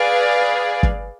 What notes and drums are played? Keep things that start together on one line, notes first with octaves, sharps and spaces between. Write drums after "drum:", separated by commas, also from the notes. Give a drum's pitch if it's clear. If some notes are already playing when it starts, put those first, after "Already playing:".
Already playing: G#4 B4 D5 F5
drum: kick